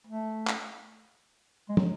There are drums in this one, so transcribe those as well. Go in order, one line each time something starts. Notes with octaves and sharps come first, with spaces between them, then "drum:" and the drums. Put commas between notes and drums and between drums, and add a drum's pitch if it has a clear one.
A3
drum: clap
G#3
F#3, drum: tom